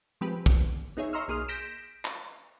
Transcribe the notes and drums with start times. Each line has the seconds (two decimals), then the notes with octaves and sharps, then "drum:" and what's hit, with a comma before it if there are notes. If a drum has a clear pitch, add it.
0.21 F3 G#3 C4 G4 B4
0.46 drum: kick
0.97 B3 D#4 G#4 C#5 E5
1.13 D#5 A#5 C6 C#6 E6 F6
1.28 B1 A#3 G#4 C6 D#6 F6
1.48 G6 A#6 B6 D7 E7
2.05 drum: clap